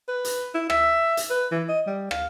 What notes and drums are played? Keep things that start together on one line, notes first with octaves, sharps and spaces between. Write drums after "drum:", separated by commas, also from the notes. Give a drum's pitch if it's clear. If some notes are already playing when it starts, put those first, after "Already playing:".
B4
drum: hi-hat
E4
E5, drum: rim click
drum: hi-hat
B4
E3
D#5
G3
F5, drum: rim click